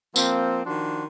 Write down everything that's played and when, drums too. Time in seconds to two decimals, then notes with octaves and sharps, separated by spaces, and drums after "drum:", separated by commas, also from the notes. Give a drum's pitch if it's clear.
0.16 F3 A#3 C4, drum: tambourine
0.66 D#3 F3 D4 F#4 C6